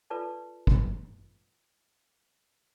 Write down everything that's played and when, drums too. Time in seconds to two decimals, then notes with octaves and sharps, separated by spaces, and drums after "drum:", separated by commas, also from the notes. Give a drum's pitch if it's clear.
0.10 F4 A4 B4 D5 A5
0.67 drum: kick